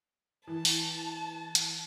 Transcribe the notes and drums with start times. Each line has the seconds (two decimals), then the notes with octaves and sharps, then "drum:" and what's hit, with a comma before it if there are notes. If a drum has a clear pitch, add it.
0.47 E3 A5
0.65 drum: open hi-hat
1.55 drum: hi-hat